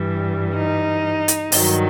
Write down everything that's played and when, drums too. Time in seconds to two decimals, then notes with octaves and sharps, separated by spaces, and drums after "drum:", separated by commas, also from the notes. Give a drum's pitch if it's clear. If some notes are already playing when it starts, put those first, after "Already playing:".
Already playing: G2 E3 G3
0.54 D#4
1.28 drum: hi-hat
1.52 G2 D#3 F#3, drum: open hi-hat